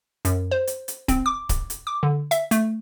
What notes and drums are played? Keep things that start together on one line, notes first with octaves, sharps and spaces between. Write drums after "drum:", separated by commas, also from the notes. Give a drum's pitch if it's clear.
F#2, drum: hi-hat
C5
drum: hi-hat
drum: hi-hat
C4, drum: kick C#1, hi-hat
D6
drum: kick C#1, hi-hat
drum: hi-hat
D6
D3
E5, drum: hi-hat
A3, drum: hi-hat